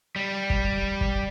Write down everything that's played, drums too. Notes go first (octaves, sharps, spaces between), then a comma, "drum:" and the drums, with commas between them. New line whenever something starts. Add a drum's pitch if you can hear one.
G3
drum: kick
drum: kick